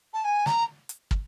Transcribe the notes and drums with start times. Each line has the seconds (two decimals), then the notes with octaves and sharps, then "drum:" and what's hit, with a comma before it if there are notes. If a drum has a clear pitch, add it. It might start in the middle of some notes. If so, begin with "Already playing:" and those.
0.13 A5
0.24 G#5
0.46 A#5, drum: snare
0.89 drum: hi-hat
1.11 drum: kick